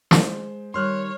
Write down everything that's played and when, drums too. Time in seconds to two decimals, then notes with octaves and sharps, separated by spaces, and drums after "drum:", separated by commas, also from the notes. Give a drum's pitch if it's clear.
0.11 G#3 C5, drum: snare
0.74 D#3 G3 C#5 C6 F6 F#6